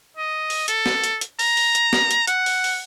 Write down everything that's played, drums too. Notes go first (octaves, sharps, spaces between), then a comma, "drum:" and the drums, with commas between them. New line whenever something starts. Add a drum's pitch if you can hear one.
D#5
drum: open hi-hat
A4, drum: hi-hat
drum: snare
drum: hi-hat
drum: hi-hat
A#5, drum: open hi-hat
drum: open hi-hat
drum: hi-hat
drum: snare
drum: hi-hat
F#5, drum: hi-hat
drum: open hi-hat
drum: open hi-hat